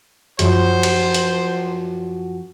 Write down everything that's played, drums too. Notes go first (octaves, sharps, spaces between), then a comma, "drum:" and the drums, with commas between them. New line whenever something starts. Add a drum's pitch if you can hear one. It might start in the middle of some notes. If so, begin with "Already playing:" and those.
F#2 F3 F#4 C5, drum: hi-hat
drum: cymbal
drum: hi-hat